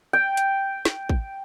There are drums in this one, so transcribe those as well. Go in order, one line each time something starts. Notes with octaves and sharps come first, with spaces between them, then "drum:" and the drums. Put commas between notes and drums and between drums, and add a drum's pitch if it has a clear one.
G5
drum: hi-hat
drum: snare
drum: kick